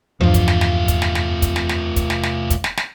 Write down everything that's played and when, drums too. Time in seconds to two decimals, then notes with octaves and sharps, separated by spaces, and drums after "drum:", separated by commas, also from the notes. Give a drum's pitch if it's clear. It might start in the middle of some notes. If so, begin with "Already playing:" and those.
0.21 E2 G2 F3 A3 F4
0.34 drum: kick, hi-hat
0.48 drum: snare
0.61 drum: snare
0.88 drum: kick, hi-hat
1.02 drum: snare
1.15 drum: snare
1.42 drum: kick, hi-hat
1.56 drum: snare
1.69 drum: snare
1.96 drum: kick, hi-hat
2.10 drum: snare
2.23 drum: snare
2.50 drum: kick, hi-hat
2.64 drum: snare
2.77 drum: snare